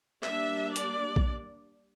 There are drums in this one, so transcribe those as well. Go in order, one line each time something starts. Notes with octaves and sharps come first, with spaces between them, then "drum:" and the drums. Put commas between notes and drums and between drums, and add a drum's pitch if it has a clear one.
G3 A#3 D4 E5, drum: clap
D5, drum: hi-hat
drum: kick A#1